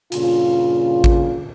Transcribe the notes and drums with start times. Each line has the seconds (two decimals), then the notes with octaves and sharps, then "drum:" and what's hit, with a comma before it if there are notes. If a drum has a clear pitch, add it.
0.12 G2 A#2 C#3 F4, drum: hi-hat
1.04 drum: kick A1